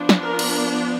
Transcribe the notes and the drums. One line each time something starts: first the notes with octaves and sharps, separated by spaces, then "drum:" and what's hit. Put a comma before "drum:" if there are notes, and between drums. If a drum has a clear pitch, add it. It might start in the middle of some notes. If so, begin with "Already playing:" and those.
Already playing: F3 B3 D4
drum: snare
A#4
drum: cymbal